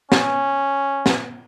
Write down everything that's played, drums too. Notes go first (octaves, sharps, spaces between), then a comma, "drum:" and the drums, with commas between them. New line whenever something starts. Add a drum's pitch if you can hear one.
C#4, drum: snare
drum: snare